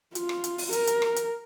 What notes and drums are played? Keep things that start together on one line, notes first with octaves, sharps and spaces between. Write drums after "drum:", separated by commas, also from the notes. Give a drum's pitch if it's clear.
F4, drum: hi-hat
drum: rim click
drum: hi-hat
drum: open hi-hat
A#4, drum: hi-hat
drum: hi-hat
drum: rim click
drum: hi-hat